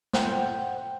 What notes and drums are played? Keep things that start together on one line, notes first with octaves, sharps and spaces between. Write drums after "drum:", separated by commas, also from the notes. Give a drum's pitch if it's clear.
C5 F#5 G5, drum: snare